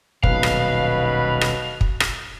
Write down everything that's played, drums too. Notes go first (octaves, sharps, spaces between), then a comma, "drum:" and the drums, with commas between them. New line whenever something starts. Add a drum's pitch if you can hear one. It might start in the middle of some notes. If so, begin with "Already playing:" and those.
D#1 B1 B2 B4 F5, drum: kick
drum: rim click
drum: rim click
drum: kick
drum: rim click